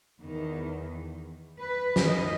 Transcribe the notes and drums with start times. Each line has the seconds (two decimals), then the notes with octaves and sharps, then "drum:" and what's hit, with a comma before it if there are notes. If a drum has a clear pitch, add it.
0.20 E2 D#3
1.59 B4
1.96 drum: snare
2.06 F#2 E3 D#5